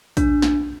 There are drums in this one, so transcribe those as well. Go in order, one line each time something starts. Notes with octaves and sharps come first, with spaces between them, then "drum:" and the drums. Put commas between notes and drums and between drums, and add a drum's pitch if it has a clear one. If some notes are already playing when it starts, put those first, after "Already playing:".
D4, drum: kick A#1, hi-hat
drum: snare